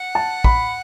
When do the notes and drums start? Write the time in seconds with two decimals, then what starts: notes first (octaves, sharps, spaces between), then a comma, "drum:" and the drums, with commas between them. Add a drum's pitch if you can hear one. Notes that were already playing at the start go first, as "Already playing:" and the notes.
Already playing: F#5
0.15 A5
0.44 B5, drum: kick